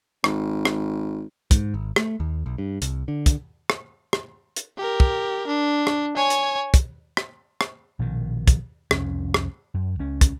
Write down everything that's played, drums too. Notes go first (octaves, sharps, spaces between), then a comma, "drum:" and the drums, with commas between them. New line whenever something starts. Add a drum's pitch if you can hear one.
G#1, drum: rim click
drum: rim click
G#2, drum: kick, hi-hat
G#1
A3, drum: rim click
D#2
B1
G2
C2, drum: hi-hat
D3
drum: kick, hi-hat
drum: rim click
drum: rim click
drum: hi-hat
G4 A#4
drum: kick
D4
drum: rim click
C#5 G#5
drum: hi-hat
drum: kick, hi-hat
drum: rim click
drum: rim click
A#1 B2 D#3
drum: kick, hi-hat
C2 F2 C#4, drum: rim click
drum: rim click
F#2
C#2 C#4
drum: kick, hi-hat